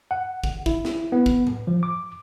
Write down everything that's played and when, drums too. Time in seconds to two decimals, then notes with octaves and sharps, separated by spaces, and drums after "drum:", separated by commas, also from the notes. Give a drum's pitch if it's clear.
0.11 F#5
0.44 drum: kick
0.66 E4, drum: kick
0.85 drum: snare
1.12 B3
1.26 drum: kick
1.47 drum: tom A2
1.67 F3
1.83 D6